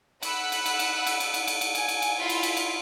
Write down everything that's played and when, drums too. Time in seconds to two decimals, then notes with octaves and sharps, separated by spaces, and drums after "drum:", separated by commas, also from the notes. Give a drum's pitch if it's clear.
0.23 F#5 B5 E6 F#6, drum: cymbal
0.52 drum: cymbal
0.66 drum: cymbal
0.79 drum: cymbal
1.07 drum: cymbal
1.20 drum: cymbal
1.34 drum: cymbal
1.47 drum: cymbal
1.61 drum: cymbal
1.75 G#5, drum: cymbal
1.88 drum: cymbal
2.02 drum: cymbal
2.19 E4 F4 F5 B5 C6
2.29 drum: cymbal
2.43 drum: cymbal
2.57 drum: cymbal